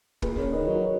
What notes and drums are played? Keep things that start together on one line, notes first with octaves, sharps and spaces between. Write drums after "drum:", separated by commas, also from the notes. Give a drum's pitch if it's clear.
A#2 G#4 B4, drum: kick
C#3 A#4 C#5
D#3 B4 D#5
F#3